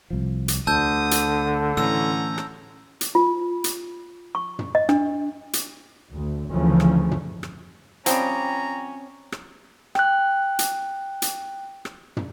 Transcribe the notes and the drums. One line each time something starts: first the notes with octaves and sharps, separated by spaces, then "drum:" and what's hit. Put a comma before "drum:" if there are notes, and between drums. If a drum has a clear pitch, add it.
C2 F3
drum: hi-hat
D2 D3 A5 D#6 E6 G6
drum: hi-hat
A2 E3 C#4 A#5 E6, drum: rim click
drum: rim click
drum: hi-hat
F4
drum: hi-hat
C#6
drum: tom
D#5
D4, drum: rim click
drum: hi-hat
D2
D2 C#3 E3 F3 C#4
drum: rim click
drum: tom
drum: rim click
F3 G3 C4 C#4 G5 A#5 D#6, drum: hi-hat
drum: rim click
G5 F#6, drum: rim click
drum: hi-hat
drum: hi-hat
drum: rim click
drum: tom